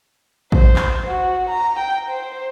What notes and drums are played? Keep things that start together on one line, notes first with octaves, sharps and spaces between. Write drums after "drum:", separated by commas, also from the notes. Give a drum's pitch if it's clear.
C5, drum: kick
drum: clap
F#4
A#5
G5
C5